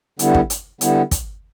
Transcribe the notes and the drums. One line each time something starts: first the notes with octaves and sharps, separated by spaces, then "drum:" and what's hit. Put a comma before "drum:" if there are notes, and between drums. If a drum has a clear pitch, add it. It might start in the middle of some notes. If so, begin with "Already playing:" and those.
D3 G3 B3 E4, drum: hi-hat
drum: kick
drum: hi-hat
D3 G3 B3 E4, drum: hi-hat
drum: kick, hi-hat